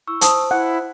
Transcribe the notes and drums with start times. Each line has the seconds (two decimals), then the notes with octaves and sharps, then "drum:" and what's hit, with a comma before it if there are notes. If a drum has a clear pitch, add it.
0.07 E4 C#6 E6
0.21 C5 A5 D#6, drum: hi-hat
0.51 E4 F#5